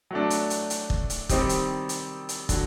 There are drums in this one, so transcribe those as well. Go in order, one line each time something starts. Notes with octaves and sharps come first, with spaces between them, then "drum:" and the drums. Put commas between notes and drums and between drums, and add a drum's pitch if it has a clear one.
F#3 A3 D4
drum: hi-hat
drum: hi-hat
drum: hi-hat
drum: kick
drum: hi-hat
D#3 G3 C4 D#4 G4, drum: kick, hi-hat
drum: hi-hat
drum: hi-hat
drum: hi-hat
D3 F#3, drum: kick, hi-hat